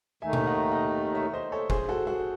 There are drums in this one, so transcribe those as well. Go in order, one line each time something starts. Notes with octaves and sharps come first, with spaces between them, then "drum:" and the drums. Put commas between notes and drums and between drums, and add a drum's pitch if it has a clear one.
D#2 D#3 A3 D#4 E5 G#5
drum: tom B2
D#5 F#5
D#5 F#5
C#5 E5
C5 D#5
A4 C#5
G#4 C5, drum: kick
F#4 A4
F#4